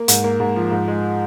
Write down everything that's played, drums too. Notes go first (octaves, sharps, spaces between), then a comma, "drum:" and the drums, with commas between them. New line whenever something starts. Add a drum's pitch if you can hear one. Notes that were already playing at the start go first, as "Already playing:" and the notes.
Already playing: A#3
G#2, drum: hi-hat
A#3
G#2
F3
G#2
G#3